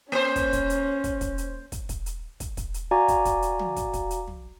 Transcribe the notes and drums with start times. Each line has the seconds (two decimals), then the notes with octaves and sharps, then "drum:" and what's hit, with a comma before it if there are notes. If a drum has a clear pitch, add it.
0.12 A#3 C#4 C5
0.36 drum: kick, hi-hat
0.53 drum: kick, hi-hat
0.70 drum: hi-hat
1.04 drum: kick, hi-hat
1.21 drum: kick, hi-hat
1.38 drum: hi-hat
1.72 drum: kick, hi-hat
1.89 drum: kick, hi-hat
2.06 drum: hi-hat
2.40 drum: kick, hi-hat
2.57 drum: kick, hi-hat
2.74 drum: hi-hat
2.91 F#4 D5 F5 G#5 A#5 D6
3.08 drum: kick, hi-hat
3.25 drum: kick, hi-hat
3.42 drum: hi-hat
3.59 drum: tom
3.76 drum: kick, hi-hat
3.93 drum: kick, hi-hat
4.10 drum: hi-hat
4.28 drum: tom